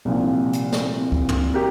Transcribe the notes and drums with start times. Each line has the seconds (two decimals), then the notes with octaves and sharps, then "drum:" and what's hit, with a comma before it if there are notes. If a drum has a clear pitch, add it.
0.05 C2 A#2 F3 C4 F4
0.53 drum: hi-hat
0.72 drum: snare
1.12 drum: kick C#2
1.29 drum: tom
1.54 G4 A#4